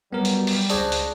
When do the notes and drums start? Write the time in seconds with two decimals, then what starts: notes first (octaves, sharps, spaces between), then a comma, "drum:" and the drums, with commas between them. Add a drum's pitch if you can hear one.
0.13 F#3 G3 B3 A#4
0.25 drum: hi-hat
0.47 drum: open hi-hat
0.70 C#2 D4 G#4 C5 C#5 F#6 A#6, drum: hi-hat
0.92 drum: hi-hat